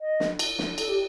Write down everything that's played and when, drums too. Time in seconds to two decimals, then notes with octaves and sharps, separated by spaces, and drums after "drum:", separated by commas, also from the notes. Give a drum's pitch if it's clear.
0.01 D#5
0.20 drum: snare
0.39 drum: cymbal
0.59 drum: snare
0.78 A4, drum: cymbal
0.89 G4